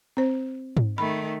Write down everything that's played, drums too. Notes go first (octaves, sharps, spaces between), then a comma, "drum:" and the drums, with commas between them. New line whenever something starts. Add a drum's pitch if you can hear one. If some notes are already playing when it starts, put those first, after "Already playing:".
C4 C5
drum: tom G#2
D#3 A3 B5